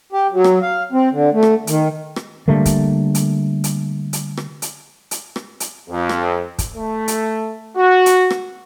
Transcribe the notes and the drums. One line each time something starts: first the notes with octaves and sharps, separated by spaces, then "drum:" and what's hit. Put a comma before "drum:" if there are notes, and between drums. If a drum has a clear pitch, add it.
G4
F#3
drum: rim click
F5
C4
D3
A3
drum: rim click
D#3, drum: hi-hat
drum: rim click
D3 G3 A3 A#3
drum: kick, hi-hat
drum: hi-hat
drum: hi-hat
drum: hi-hat
drum: rim click
drum: hi-hat
drum: hi-hat
drum: rim click
drum: hi-hat
F2
drum: rim click
drum: kick, hi-hat
A3
drum: hi-hat
F#4
drum: hi-hat
drum: rim click